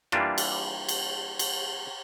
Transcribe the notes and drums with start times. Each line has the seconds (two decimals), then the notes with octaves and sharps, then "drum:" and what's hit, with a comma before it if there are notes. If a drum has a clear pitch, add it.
0.12 E3 G3 A#3 D4 F4, drum: rim click
0.38 drum: cymbal
0.89 drum: cymbal
1.39 drum: cymbal